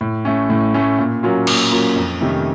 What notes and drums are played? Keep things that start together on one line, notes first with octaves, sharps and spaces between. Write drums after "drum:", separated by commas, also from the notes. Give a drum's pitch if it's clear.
A2
A3 C#4
A2
A3 C#4
A#2
F#3 A#3 C#4 F4
A#2, drum: cymbal
F#3 A#3 C#4 F4
F2
C3 D#3 A3 C#4